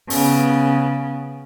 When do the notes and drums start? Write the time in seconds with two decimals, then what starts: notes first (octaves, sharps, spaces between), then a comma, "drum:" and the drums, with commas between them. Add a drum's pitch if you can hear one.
0.10 C#3 B3, drum: open hi-hat